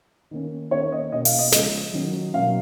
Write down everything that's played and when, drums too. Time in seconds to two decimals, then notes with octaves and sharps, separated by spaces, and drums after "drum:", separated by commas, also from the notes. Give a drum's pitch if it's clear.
0.31 D#3 A#3 C#4
0.71 D#3 A#3 C#4 C#5
0.92 D#5
1.12 B2 A#3 C#4 D#5
1.25 F5, drum: open hi-hat
1.39 D#5
1.52 C#3 F3 G#3 C#4 D#5, drum: snare
1.93 D#3 F#3 C#4
2.33 B2 F#3 A#3 C#4 F5